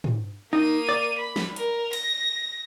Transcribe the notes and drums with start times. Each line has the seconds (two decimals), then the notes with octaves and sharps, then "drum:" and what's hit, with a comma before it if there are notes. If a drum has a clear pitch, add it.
0.04 drum: tom
0.53 A#3 D#4 D#7
0.89 D5
1.18 B5
1.36 drum: snare
1.56 A#4, drum: hi-hat
1.93 A#6, drum: cymbal